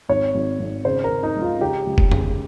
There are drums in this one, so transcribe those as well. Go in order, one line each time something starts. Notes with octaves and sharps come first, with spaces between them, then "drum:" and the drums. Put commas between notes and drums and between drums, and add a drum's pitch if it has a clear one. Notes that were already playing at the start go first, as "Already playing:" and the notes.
G#1 C#5
G#1
G#1
C#3 C5
A#4
C#3
D#4
C#2
F4
C#3 G4
C#2
drum: kick
C#3, drum: tom